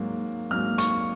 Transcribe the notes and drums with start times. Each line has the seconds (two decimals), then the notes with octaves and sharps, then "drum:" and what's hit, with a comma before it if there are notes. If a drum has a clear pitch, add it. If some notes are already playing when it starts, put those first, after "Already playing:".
Already playing: G#2 F#3 A#3
0.50 G#2 F#3 A#3 F6
0.78 C#6, drum: hi-hat